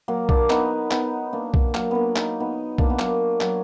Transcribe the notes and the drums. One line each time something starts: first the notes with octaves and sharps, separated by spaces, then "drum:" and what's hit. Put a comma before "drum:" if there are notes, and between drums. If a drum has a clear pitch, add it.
F#3 A#3
A#3 D4, drum: kick B1
B3 D#4, drum: clap
B3 D#4, drum: clap
A#3 D4
drum: kick B1
F#3 A#3, drum: clap
A#3 B3 D4
D#4, drum: clap
B3 D#4
A#3 D4, drum: kick B1
B3
F#3 A#3, drum: clap
F#3, drum: clap